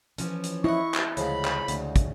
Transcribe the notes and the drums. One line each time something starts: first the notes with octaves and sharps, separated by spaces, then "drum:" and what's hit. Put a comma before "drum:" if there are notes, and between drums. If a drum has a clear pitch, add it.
E3 F3 C#4, drum: hi-hat
drum: hi-hat
E4 D#5 F#5 C#6
drum: clap
D2 C#3 F3 G#3 B5, drum: hi-hat
drum: clap
D2, drum: hi-hat
drum: kick, hi-hat